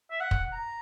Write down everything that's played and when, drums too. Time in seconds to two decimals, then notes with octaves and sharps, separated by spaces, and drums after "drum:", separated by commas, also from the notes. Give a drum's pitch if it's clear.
0.11 E5
0.20 F#5
0.31 drum: kick
0.53 A#5